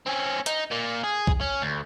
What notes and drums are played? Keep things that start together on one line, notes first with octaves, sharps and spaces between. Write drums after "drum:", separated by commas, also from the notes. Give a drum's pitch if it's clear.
C4 C#4
D#4, drum: hi-hat
A#2 A#3
G#4
drum: kick B1
C#4
D2